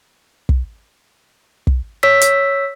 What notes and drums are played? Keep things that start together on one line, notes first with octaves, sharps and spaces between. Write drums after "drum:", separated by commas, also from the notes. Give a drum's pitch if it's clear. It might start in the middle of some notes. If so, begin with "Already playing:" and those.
drum: kick
drum: kick
C#5 E6 B6
drum: hi-hat